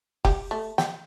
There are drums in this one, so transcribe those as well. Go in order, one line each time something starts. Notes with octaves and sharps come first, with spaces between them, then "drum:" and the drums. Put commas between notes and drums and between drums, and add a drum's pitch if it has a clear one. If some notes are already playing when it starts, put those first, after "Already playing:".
G4, drum: kick F1
A3
G5, drum: snare